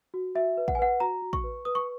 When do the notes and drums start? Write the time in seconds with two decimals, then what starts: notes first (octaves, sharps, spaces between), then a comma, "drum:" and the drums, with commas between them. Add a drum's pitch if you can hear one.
0.14 F#4
0.35 F#4 E5
0.57 B4
0.68 F#5, drum: kick A1
0.75 G#5
0.79 B4 F#5
1.00 F#4 A#5
1.22 F#4
1.33 C#6, drum: kick A1
1.44 B4
1.65 B4 D#6
1.75 C#6